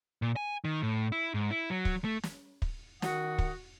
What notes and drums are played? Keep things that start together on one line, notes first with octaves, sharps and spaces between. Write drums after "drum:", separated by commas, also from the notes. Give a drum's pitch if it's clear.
A#2
G#5
D#3
A2
E4
G#2
E4
F#3
drum: kick
A3
drum: snare
drum: kick
D#3 F#4 F#5 D#6, drum: snare
drum: kick